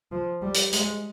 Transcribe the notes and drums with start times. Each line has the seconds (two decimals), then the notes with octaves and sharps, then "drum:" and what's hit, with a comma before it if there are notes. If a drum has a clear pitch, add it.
0.12 F3
0.42 G3
0.54 drum: hi-hat
0.72 G#3, drum: hi-hat